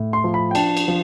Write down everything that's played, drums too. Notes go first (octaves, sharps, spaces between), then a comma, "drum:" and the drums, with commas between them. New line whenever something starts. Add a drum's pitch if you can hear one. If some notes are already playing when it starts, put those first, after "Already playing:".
Already playing: A2
C6
F3
B5
G5
D4 A5, drum: cymbal
drum: cymbal
F3